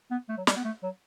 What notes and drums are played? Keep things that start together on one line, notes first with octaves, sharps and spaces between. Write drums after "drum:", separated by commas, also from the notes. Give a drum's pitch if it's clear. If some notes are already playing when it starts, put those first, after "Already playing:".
B3
A3
F#3
G3, drum: snare
B3
A3
F#3